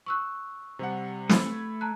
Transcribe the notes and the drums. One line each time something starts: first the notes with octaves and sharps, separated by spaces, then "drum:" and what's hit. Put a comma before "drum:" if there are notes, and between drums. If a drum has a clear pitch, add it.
C#6 E6 F#6
C3 G3 F#5
A3 B5 G#6, drum: snare
A5 A#5 F#6